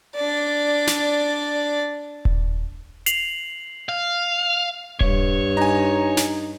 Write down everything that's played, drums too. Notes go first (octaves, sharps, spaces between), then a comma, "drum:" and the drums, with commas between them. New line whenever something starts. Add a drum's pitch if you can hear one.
D4 D5
drum: snare
drum: kick D#1
C7 F7 F#7, drum: hi-hat
F5
G2 C#5, drum: kick D#1
D#4 G#5 A#5
drum: snare